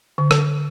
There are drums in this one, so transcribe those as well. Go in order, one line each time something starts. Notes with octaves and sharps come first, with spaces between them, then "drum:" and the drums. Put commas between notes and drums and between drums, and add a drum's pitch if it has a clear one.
D3
drum: rim click